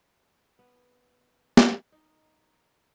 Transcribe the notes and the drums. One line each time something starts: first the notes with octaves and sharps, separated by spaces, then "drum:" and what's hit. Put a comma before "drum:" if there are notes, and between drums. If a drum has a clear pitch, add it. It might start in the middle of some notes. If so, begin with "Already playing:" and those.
B3
drum: snare
D#4